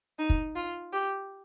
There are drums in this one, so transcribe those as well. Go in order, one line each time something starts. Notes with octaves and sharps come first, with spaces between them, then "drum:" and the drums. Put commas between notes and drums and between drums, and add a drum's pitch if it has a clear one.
D#4
drum: kick
F4
G4